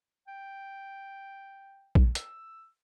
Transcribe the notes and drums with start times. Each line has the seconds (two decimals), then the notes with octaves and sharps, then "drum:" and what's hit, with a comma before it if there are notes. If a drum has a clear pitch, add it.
0.28 G5
1.95 drum: kick A#1
2.15 E6, drum: hi-hat